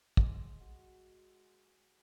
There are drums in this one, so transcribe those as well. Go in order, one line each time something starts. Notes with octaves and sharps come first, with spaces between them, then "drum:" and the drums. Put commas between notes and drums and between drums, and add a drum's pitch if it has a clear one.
G#3, drum: kick
F#4